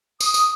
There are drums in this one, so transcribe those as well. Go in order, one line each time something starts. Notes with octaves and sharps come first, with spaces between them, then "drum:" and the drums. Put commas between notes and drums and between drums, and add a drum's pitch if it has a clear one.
D#6, drum: tambourine
drum: tambourine